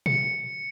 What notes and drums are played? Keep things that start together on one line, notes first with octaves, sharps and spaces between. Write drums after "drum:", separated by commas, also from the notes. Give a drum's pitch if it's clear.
C#7, drum: tom A#2